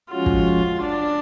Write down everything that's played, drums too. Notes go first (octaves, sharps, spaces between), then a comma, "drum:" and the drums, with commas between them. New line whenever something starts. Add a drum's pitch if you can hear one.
F3 G#3 C#4 F4 F#4
drum: kick
D4